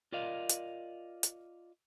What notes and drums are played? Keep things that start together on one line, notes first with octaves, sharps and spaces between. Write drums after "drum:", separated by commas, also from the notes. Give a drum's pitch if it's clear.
F4 A#4 D5 D#5 F5
drum: hi-hat
drum: hi-hat